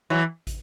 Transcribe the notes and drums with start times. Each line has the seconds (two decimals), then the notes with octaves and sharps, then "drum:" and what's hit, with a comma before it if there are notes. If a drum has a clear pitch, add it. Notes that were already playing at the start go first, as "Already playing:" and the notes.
0.10 E3 F#3
0.47 drum: kick, hi-hat